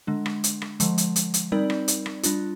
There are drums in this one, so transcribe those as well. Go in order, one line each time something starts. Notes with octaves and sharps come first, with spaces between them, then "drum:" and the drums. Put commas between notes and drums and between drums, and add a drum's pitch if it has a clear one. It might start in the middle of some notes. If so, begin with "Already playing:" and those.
D3 G#3 D4
drum: rim click
drum: hi-hat
drum: rim click
D3 F3 G#3, drum: hi-hat
drum: hi-hat
drum: hi-hat
drum: hi-hat
G3 C4 D#4 A#4 D5
drum: rim click
drum: hi-hat
drum: rim click
G3 D4 F4, drum: hi-hat